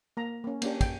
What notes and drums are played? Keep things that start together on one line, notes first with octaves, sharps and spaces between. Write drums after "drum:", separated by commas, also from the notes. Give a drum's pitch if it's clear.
A#3 A#5
A#3 C#4
A#3 C#4 D4 G4, drum: cymbal
G5, drum: kick, cymbal